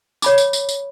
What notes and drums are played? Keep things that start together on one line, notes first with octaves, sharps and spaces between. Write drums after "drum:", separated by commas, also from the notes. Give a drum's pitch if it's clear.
C#5 B5 D6, drum: tambourine
drum: tambourine
drum: tambourine
drum: tambourine